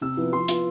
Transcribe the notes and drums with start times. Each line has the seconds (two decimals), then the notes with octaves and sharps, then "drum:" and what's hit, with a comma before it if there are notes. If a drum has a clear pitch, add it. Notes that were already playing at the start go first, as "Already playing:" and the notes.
0.01 C3 E6
0.17 F3 B3 E4
0.33 F3 C6
0.48 B3 F4, drum: hi-hat